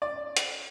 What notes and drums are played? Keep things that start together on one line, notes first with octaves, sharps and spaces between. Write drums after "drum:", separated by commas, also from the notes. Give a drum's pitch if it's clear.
D5
drum: hi-hat